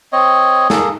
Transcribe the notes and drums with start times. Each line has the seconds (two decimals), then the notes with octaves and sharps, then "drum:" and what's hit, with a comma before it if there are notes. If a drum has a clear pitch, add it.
0.13 C4 C#5 D#5
0.70 A#3 G#4 A4, drum: snare